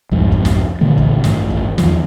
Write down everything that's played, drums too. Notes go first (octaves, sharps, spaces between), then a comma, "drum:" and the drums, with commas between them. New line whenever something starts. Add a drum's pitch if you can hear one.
C2 F2 G#2
drum: kick
drum: snare
A#2 D3 E3 A3
drum: kick
A1 G2 D#3 A3, drum: snare
drum: kick
E2 D#3 F3, drum: snare